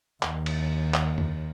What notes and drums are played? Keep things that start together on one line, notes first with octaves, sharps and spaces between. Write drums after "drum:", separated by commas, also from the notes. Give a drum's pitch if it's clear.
D#2, drum: clap
drum: cymbal
drum: clap
drum: tom F2